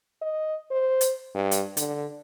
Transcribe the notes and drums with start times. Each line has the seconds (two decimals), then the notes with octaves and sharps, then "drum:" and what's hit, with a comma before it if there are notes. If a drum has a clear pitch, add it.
0.22 D#5
0.71 C5
1.01 drum: hi-hat
1.35 G2
1.51 drum: hi-hat
1.77 D3, drum: hi-hat